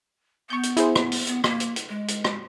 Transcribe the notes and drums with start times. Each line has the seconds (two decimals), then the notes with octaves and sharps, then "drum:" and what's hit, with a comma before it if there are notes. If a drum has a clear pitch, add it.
0.50 B3 C#6 G6
0.63 drum: hi-hat
0.77 E4 G#4 C5, drum: hi-hat
0.96 drum: rim click
1.12 drum: open hi-hat
1.27 B3, drum: hi-hat
1.44 A#3, drum: rim click
1.60 drum: hi-hat
1.76 drum: hi-hat
1.89 G#3
2.08 drum: hi-hat
2.24 drum: rim click